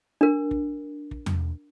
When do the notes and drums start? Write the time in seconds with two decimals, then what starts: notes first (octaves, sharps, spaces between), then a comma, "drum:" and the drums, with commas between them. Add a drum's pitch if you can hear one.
0.21 D4 A#4
0.51 drum: kick
1.11 drum: kick
1.26 drum: tom E2